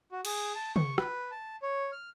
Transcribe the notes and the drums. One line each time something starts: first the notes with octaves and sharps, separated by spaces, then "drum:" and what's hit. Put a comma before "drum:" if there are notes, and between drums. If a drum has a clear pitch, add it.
F#4
G#4, drum: cymbal
A5
C#6, drum: tom
B4, drum: rim click
A5
C#5
F6